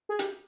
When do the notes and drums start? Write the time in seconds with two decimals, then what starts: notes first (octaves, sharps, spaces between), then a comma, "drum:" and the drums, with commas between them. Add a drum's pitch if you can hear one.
0.09 G#4
0.19 G4, drum: hi-hat